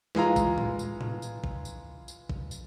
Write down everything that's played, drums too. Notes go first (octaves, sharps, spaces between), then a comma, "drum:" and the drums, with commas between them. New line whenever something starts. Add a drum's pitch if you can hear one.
E3 G#3 F4 A#5, drum: snare
drum: kick, tambourine
drum: tom A2
drum: tambourine
drum: tom A2
drum: tambourine
drum: kick
drum: tambourine
drum: tambourine
drum: kick
drum: tambourine